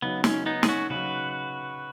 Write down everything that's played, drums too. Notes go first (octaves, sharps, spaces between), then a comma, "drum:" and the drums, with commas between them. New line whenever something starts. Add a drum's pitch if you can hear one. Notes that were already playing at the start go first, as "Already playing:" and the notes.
C#3 F#3 B3 D#4
C#4, drum: snare
B3 D#4
G#4, drum: snare
C#4 F#4
C#3 F#3 D#4 F#4 B4